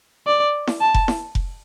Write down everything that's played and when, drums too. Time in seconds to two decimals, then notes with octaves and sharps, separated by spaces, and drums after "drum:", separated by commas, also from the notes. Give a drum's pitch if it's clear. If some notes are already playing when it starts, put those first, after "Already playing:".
0.27 D5
0.67 drum: snare E4
0.81 A5
0.94 drum: kick F1
1.08 drum: snare E4
1.35 drum: kick F1